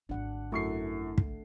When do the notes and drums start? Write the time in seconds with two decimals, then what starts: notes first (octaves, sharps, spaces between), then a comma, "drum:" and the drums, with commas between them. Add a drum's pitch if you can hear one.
0.09 G#1 D3 D4 F#5
0.52 F#2 A3 E4 A4 C#6 C7
1.18 drum: kick